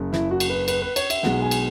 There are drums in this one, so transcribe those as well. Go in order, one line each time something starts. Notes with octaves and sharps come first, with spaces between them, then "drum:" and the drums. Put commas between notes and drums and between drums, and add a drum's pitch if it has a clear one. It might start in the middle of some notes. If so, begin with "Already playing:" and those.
Already playing: F#1 F#2 C#3
E4, drum: snare
F#4
drum: cymbal
B4
B4, drum: cymbal
B4
C#5, drum: cymbal
E5, drum: cymbal
B1 B2 G#3 F#5, drum: snare
G#5
drum: cymbal